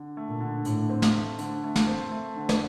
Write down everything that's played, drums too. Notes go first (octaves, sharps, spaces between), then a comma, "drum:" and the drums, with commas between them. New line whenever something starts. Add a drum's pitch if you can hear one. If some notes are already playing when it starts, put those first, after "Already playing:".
Already playing: D3
A3
A#2
D3
A2 D3, drum: hi-hat
C4
drum: snare
A3
D3, drum: hi-hat
A3
drum: snare
C4
A3
D3
drum: snare